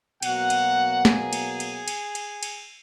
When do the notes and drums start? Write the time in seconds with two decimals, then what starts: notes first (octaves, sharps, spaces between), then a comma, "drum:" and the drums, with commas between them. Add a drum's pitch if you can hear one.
0.23 B2 F#3 A#3 F#4 F#5, drum: cymbal
0.50 drum: cymbal
1.05 G#4 G#5, drum: snare
1.33 drum: cymbal
1.60 drum: cymbal
1.88 drum: cymbal
2.15 drum: cymbal
2.43 drum: cymbal